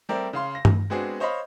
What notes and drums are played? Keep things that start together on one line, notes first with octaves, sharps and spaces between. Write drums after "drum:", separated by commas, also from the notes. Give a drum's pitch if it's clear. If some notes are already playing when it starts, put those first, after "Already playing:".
G3 A3 C4 G4 A#4 D5
C#3 F5 C6
A#6
drum: tom G2
G#3 B3 C4 D4 F#4 G#4
C5 C#5 D#5 F5 B5